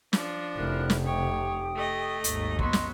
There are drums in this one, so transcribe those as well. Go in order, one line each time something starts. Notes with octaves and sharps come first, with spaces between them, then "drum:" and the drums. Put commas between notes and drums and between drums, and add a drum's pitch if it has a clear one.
F3 D4, drum: snare
F1 C3 E4 A#4 F#6
drum: snare
G4 C#5 G5 D#6
A3 D#5
G#1 D#2, drum: hi-hat
F#3 B3 D#5 C6, drum: kick
drum: snare